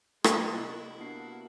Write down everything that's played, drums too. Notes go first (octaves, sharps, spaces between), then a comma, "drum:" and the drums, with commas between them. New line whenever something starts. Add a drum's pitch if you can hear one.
G#3 D5, drum: rim click
C3 A#3 E4 B4 D#5 E6
A#3 B3 D4 F#4 C7